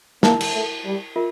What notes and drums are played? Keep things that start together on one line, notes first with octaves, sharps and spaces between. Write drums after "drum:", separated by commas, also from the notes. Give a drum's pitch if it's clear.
A#3 E4 A#4 E5 A5, drum: snare
drum: cymbal
A3
G3
F4 A#4 E5